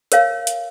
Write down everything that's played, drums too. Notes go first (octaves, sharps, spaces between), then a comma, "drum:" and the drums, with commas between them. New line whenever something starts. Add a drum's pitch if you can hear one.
A#4 C#5 F5, drum: hi-hat
drum: hi-hat